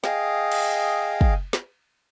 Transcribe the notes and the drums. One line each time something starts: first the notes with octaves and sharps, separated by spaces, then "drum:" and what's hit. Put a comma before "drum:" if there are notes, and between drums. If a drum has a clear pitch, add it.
G#4 D#5 F5 G5, drum: snare
drum: cymbal
drum: kick
drum: snare